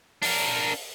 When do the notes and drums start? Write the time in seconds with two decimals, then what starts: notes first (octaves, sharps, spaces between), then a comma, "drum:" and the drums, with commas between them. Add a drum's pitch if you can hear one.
0.23 D4 A#4, drum: open hi-hat